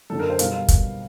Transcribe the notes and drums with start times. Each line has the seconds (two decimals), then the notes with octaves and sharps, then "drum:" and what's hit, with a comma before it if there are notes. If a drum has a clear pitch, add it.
0.10 F#2 D3 F#3 A4
0.19 A#4
0.30 C5
0.39 B2 G3 F5, drum: hi-hat
0.54 F5
0.68 drum: kick, hi-hat